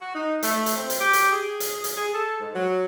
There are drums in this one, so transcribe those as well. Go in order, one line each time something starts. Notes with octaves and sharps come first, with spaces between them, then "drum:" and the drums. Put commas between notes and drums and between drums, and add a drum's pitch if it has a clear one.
F#4
D#4
A3, drum: hi-hat
drum: hi-hat
C4
drum: hi-hat
G4
drum: hi-hat
G#4
drum: hi-hat
drum: hi-hat
G#4
A4
G#2
F#3